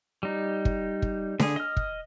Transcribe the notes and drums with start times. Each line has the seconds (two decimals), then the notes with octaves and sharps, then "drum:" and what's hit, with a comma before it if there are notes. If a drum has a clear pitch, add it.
0.23 G3 D#4
0.65 drum: kick
1.02 drum: kick
1.40 D3 G#4, drum: snare D4
1.56 D#5 F6
1.77 drum: kick